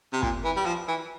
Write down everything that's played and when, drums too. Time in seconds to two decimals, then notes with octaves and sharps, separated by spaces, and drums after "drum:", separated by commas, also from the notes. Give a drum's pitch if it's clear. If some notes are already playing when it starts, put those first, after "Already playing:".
0.13 C3
0.23 A#2, drum: kick
0.44 E3
0.57 G3
0.66 F3
0.88 E3